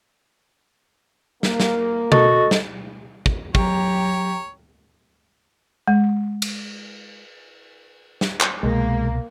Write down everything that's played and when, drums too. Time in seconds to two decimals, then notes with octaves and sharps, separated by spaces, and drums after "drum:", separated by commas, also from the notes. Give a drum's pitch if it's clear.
1.43 A#3, drum: snare
1.60 drum: snare
2.12 F#4 A4 D#5 A6, drum: tom B2
2.51 drum: snare
3.26 drum: kick
3.55 F#3 G4 C#5 A#5, drum: kick
5.88 G#3
6.42 drum: cymbal
8.21 drum: snare
8.41 drum: clap
8.63 C2 B2 G#3 A#3